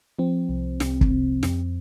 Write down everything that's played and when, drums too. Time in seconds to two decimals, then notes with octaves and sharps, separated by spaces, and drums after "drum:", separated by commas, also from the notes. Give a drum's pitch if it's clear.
0.19 F3 C4
0.49 C2
0.80 C2, drum: snare
1.01 drum: kick
1.11 C3
1.43 F2, drum: snare